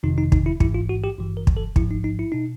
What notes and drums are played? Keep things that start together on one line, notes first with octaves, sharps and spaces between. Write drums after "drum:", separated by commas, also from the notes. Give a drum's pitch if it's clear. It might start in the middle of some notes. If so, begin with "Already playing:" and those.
G1 F2 C3 D#3 D#4
D#4
D#4, drum: kick
E4
A1 G#2 E3 E4, drum: kick
F4
F#4
G4
G#1 G2 E3
A#4
drum: kick
A4
A1 G#2 F3 E4, drum: kick
D#4
D#4
E4
B2 D#4